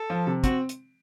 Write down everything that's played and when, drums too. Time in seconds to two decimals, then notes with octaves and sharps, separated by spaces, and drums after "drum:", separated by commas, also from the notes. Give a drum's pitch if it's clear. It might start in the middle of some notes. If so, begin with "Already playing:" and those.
Already playing: A4
0.10 F3
0.27 C3
0.44 C4 F#4, drum: kick, hi-hat
0.69 drum: hi-hat